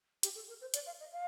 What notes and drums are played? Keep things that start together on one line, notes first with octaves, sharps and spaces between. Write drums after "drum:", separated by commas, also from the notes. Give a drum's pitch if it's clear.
G4, drum: hi-hat
A4
A#4
C5
D5, drum: hi-hat
F5
D#5
F5